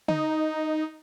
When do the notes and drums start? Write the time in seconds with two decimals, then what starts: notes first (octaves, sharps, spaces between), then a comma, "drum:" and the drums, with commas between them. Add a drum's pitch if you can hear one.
0.08 D#4, drum: tom